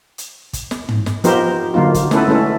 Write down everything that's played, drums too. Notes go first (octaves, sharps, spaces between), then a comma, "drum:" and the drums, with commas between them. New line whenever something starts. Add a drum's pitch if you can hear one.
drum: hi-hat
drum: kick, hi-hat
drum: snare
drum: tom
drum: snare
F3 B3 D#4 G4 A#4 C5, drum: hi-hat
D3 F#3 A#3 D#4 F4
drum: kick, hi-hat
A3 B3 C#4 E4 A4 B4, drum: snare
G#3 A3 C#4 E4 A4